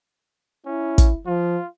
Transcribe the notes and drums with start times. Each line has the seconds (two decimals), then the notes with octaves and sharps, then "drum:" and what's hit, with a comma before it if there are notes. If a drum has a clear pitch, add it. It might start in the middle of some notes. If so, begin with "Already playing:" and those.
0.66 C#4 E4
0.98 drum: kick, hi-hat
1.27 F3 F4